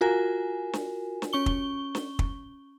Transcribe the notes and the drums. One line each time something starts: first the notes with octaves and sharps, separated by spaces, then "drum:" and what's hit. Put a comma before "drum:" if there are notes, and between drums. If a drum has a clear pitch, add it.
F4 F#4 A#4 G#5
drum: snare
drum: snare
C#4 C#6 G7
drum: kick
drum: snare
drum: kick